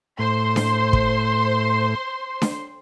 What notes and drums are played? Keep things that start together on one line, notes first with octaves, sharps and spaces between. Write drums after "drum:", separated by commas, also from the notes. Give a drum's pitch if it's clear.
A2 C5 C6
drum: snare D4
drum: kick
drum: snare D4